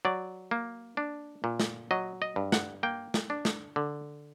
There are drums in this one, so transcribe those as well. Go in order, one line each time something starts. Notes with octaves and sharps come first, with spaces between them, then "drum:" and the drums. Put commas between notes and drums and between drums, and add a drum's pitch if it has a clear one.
F#3 D5
A#3
D4
A#2
drum: snare
F#3 D#5
D#5
G2
F#5, drum: snare
A#3 G5
drum: snare
D4
drum: snare
D3